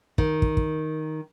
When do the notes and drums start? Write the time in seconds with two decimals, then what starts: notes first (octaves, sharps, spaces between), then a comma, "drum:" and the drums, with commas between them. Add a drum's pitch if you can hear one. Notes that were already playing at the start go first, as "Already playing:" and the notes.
0.18 D#3, drum: kick
0.42 drum: kick
0.57 drum: kick